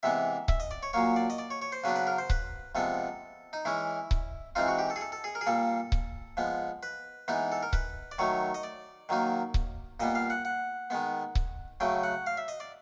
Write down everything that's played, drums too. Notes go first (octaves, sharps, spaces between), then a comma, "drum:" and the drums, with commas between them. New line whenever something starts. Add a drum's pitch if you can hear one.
C3 E3 G#3 B3 E5
E5, drum: kick C#1
D#5
D5
C#5
A#2 F#3 A#3 C#5
D5
D#5
D5
C#5
C#5
C5
C#3 F#3 B3 D4 B4
B4
A#4
C5
B4, drum: kick C#1
C3 F3 G#3 B3 A4
D#4
E3 G#3 C#4 E4
drum: kick C#1
E3 G#3 C4 D#4 F4
F#4
G4
A4
G#4
A4
A4
G#4
A#4
G#4
A#2 G3 A#3 A4
drum: kick C#1
F3 G#3 B3
B4
E3 G#3 B3 D#4
A4
A#4
B4, drum: kick C#1
D5
D#3 F#3 A3 C#5
D#5
D5
D#3 F#3 A#3 D#4
drum: kick C#1
A#2 G3 B3 D#5
F5
F#5
F#5
D#3 G#3 B3
drum: kick C#1
C#3 F#3 A3 G5
F#5
F5
E5
D#5
D5